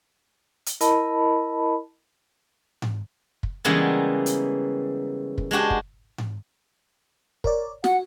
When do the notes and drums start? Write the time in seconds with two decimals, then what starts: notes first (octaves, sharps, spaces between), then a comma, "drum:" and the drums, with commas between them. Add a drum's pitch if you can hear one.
0.66 drum: hi-hat
0.81 E4 A#4 D#5 A5 B5, drum: hi-hat
2.82 drum: tom G#2
3.43 drum: kick
3.65 C#3 E3 G3 G#3 A#3 B3
4.26 drum: hi-hat
5.38 drum: kick
5.51 G#3 D4 F#4 G4
5.70 drum: kick
6.18 drum: tom G#2
7.44 A#4 C#5 D5, drum: kick
7.84 F#4 F#5, drum: snare